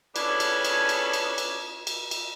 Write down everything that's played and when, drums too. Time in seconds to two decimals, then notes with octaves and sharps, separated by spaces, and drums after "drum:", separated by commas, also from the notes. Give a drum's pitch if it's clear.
0.16 B3 C#4 D4 E4 G#4 A4, drum: cymbal
0.40 drum: cymbal
0.65 drum: cymbal
0.89 drum: cymbal
1.13 drum: cymbal
1.38 drum: cymbal
1.87 drum: cymbal
2.11 drum: cymbal